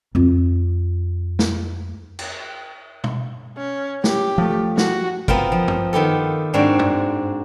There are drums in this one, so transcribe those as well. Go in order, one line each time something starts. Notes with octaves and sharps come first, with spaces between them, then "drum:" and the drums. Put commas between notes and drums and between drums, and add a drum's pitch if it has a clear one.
F2 F4
drum: snare
drum: cymbal
drum: tom
C#4
G4, drum: snare
F3 A3
F#4, drum: snare
B3 C4 F4 A#4 C5, drum: kick
F3
drum: tom
D#3 B3 G4 A4
G#2 C4 D4 F#4 C5 D5
drum: tom